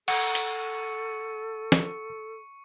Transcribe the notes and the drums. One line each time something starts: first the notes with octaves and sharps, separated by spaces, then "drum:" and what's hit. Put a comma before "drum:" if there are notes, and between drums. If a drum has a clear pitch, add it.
A4 F#5 C#6 C#7, drum: cymbal
drum: hi-hat
drum: snare